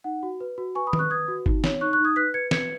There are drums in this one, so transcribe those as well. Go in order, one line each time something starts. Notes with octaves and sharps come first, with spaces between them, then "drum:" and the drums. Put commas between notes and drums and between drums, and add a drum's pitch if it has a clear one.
D#4 F#5
F#4
B4
F#4
B4 G#5 C#6
B5 D#6
B4, drum: tom D#3
C#6 F#6
B4 D#6 G#6
F#4
D#4, drum: kick G1
C#5, drum: snare
D#4 C#6 F#6
C#6 F#6
D#4
D#6 G#6
B4 F#6 B6
B4 G#6 C#7
B4 G#6 C#7, drum: snare